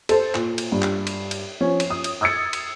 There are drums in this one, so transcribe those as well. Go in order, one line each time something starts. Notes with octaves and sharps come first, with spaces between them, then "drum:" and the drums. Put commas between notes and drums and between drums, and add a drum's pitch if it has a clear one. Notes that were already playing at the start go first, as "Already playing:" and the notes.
A4 C5, drum: cymbal
A#2, drum: clap
drum: cymbal
G2
drum: clap
drum: cymbal
drum: cymbal
F3 C#4
drum: cymbal
D#6
drum: cymbal
D#6 E6 G#6 A6 C#7
drum: cymbal